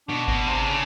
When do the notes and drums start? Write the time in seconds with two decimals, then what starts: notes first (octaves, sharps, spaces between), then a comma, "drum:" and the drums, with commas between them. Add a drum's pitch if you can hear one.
0.08 B2 D4
0.28 B2, drum: kick G#1
0.47 C3
0.66 C#3